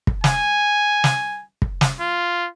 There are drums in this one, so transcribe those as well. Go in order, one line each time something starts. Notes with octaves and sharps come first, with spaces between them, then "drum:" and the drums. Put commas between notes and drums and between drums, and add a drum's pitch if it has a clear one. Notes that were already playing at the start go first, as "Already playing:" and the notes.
drum: kick
G#5, drum: snare
drum: snare
drum: kick
drum: snare
F4